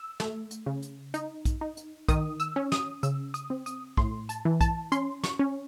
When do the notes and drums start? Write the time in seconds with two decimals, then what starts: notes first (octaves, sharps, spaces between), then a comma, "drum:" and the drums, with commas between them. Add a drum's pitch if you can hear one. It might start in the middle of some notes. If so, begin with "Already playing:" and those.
Already playing: E6
0.20 A3, drum: snare
0.51 drum: hi-hat
0.66 C#3
0.82 drum: hi-hat
1.14 D#4, drum: hi-hat
1.45 drum: kick, hi-hat
1.61 D#4
1.77 drum: hi-hat
2.08 D#3 D#6, drum: kick, hi-hat
2.40 E6, drum: hi-hat
2.56 C#4
2.72 D#6, drum: snare
3.03 C#3 E6, drum: hi-hat
3.34 D#6, drum: hi-hat
3.50 C4
3.66 D#6, drum: hi-hat
3.97 A2 C6, drum: kick
4.29 A5, drum: hi-hat
4.45 E3
4.61 A5, drum: kick, hi-hat
4.92 C#4 C6, drum: hi-hat
5.24 C#6, drum: snare
5.39 C#4